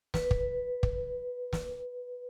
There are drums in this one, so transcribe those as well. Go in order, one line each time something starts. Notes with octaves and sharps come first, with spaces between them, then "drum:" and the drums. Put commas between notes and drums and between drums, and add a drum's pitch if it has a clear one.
B4, drum: snare
drum: kick
drum: kick
drum: snare